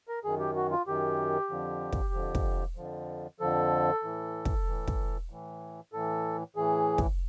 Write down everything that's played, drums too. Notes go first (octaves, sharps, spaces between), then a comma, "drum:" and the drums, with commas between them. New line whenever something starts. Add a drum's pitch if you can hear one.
A#4
F#2 D#3 G#4
G4
F#4
F4
F#2 D#3 G4
F2 D3 F3
drum: kick
F2 D3 F3
drum: kick
F2 D3 F3
F2 D3 F3 A4
A2 E3
drum: kick
A2 E3
drum: kick
A2 E3
A2 E3 A4
A2 E3 G#4
drum: kick